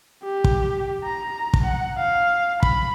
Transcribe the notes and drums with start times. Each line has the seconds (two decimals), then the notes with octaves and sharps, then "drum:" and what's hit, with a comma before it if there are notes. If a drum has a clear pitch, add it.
0.23 G4
0.44 drum: kick
1.04 A#5
1.54 drum: kick
1.64 F#5
1.98 F5
2.63 B5, drum: kick